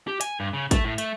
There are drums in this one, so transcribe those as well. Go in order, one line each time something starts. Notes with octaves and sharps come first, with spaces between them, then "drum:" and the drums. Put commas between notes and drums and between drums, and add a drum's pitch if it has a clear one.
G4
G#5, drum: hi-hat
G2
C#3
A3, drum: kick, hi-hat
A2
A3, drum: hi-hat